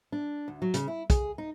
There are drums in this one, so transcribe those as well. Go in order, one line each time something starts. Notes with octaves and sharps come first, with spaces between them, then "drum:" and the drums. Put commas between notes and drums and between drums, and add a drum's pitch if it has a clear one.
D4
D2
F#3
C#3, drum: hi-hat
E4
G#4, drum: kick, hi-hat
D#4